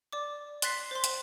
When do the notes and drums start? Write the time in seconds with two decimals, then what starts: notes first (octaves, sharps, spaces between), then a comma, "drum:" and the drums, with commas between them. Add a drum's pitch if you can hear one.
0.13 D5 D6
0.62 C6 F#6 A6 B6 C7, drum: hi-hat
0.91 C5 C6
1.04 drum: hi-hat